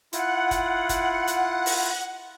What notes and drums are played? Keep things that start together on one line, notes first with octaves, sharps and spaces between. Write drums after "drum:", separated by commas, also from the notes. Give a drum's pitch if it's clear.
E4 F4 F#5, drum: hi-hat
drum: kick, hi-hat
drum: kick, hi-hat
drum: hi-hat
drum: open hi-hat